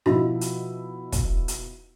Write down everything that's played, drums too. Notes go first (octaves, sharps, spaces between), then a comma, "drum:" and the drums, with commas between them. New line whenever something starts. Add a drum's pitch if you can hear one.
B2 F3 D#4 E4, drum: rim click
drum: hi-hat
drum: kick, hi-hat
drum: hi-hat